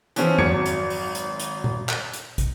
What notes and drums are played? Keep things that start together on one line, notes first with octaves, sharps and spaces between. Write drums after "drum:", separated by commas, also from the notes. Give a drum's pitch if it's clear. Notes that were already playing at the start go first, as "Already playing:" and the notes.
E3 F3 C4 C#4, drum: hi-hat
G#1 F#3 G#6 C#7, drum: tom F2
drum: hi-hat
drum: open hi-hat
drum: hi-hat
drum: hi-hat
drum: tom A#2
drum: clap
drum: hi-hat
drum: kick, hi-hat